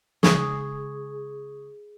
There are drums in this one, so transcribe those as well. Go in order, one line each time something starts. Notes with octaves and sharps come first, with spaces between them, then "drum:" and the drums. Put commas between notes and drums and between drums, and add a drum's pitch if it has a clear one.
C#3 G#3 G#4 C#6 D#6 G#6, drum: snare